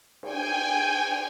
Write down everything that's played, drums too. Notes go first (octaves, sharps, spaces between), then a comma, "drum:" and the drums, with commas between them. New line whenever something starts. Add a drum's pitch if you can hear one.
G5 G#5, drum: cymbal